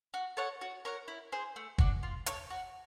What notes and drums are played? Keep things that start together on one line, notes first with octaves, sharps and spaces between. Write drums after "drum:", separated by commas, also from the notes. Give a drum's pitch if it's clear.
F#4
A4 C#5 F#5
F#4
A#4 C#5 F#5
E4
G#4 C5
A3
D4 F#4, drum: kick
F4
A4 C#5, drum: hi-hat
F#4